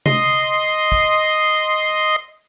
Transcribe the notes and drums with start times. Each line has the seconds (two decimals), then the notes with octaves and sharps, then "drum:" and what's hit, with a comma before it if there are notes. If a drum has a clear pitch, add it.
0.06 D#5 C6, drum: tom C3
0.92 drum: kick